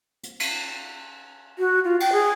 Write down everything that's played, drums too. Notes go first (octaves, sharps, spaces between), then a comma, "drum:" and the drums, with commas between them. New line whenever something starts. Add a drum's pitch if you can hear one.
drum: hi-hat
drum: cymbal
F#4
F4
G5, drum: cymbal
G#4